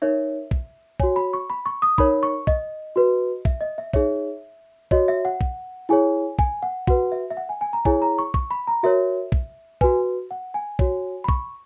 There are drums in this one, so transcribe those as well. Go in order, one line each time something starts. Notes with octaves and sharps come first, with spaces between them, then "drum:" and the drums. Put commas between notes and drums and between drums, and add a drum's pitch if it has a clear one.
D#4 A#4 C#5 E5
drum: kick
F#4 C#5 G#5, drum: kick
B5
C#6
B5
C#6
D#6
D#4 A#4 C#5 B5, drum: kick
C#6
D#5, drum: kick
F#4 B4
E5, drum: kick
D#5
E5
D#4 G#4 C#5 E5, drum: kick
F#4 C#5 D#5, drum: kick
E5
F#5
drum: kick
E4 G#4 C#5 G#5
G#5, drum: kick
F#5
F#4 B4 F#5, drum: kick
E5
E5
F#5
G#5
G#5
A#5
E4 G#4 C#5 G#5, drum: kick
A#5
C#6
C#6, drum: kick
B5
A#5
F#4 A#4 C#5 E5
drum: kick
F#4 B4 G#5, drum: kick
F#5
G#5
F#4 C#5, drum: kick
B5
C#6, drum: kick